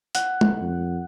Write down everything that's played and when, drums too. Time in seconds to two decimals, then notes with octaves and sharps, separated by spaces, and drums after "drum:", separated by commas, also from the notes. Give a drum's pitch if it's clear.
0.15 F#5, drum: hi-hat
0.41 drum: tom G#3
0.61 F2